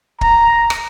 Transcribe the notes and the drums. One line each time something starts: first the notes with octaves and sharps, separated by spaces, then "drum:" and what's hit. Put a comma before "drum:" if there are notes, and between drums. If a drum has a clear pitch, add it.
A#5, drum: kick
drum: rim click